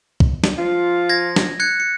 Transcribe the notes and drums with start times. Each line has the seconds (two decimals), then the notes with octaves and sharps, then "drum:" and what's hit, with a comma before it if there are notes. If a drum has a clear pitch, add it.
0.20 drum: kick
0.44 drum: snare
0.58 F3 F4
1.09 G#6 A#6
1.36 drum: snare
1.60 F#6 G#6 C#7
1.80 C#7